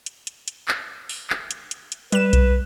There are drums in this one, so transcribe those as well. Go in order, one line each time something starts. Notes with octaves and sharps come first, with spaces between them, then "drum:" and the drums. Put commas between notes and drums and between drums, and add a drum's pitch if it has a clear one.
drum: hi-hat
drum: hi-hat
drum: hi-hat
drum: clap
drum: open hi-hat
drum: clap
drum: hi-hat
drum: hi-hat
drum: hi-hat
G3 B4 E7, drum: hi-hat
drum: kick B1, hi-hat